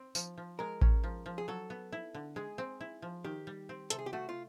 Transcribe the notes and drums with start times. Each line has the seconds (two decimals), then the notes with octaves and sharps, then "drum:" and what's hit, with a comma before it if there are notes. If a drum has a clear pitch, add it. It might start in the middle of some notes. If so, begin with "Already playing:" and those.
Already playing: C4
0.15 F3, drum: tambourine
0.38 F3
0.59 G#3 A#4
0.82 C#4, drum: kick A1
1.04 F3
1.26 F3
1.38 G#4
1.48 F#3 A4
1.70 B3
1.92 E4
2.14 D3
2.36 G#3 G#4
2.58 C4
2.81 E4
3.02 F3
3.24 D#3 G4
3.47 G3
3.69 C4
3.90 C3 A4, drum: hi-hat
3.99 G#4
4.06 G4
4.13 A3 F#4
4.29 F4